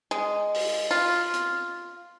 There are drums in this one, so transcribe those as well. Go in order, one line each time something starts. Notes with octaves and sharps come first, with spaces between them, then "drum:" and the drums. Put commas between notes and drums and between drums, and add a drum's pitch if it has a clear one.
G#3
drum: open hi-hat
F4
drum: hi-hat